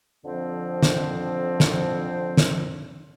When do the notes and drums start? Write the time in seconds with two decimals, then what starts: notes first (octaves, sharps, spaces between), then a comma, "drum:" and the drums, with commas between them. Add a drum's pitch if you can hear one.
0.24 F2 D3 F3 C4
0.83 drum: snare
1.60 drum: snare
2.37 drum: snare